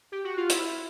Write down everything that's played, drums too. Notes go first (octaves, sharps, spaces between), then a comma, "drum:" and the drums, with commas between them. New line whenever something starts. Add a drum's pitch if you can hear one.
G4
F#4
F4
E4, drum: hi-hat